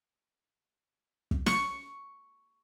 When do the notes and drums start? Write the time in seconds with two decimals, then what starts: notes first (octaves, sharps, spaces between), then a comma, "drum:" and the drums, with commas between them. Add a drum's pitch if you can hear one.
1.31 drum: kick
1.46 C#6, drum: snare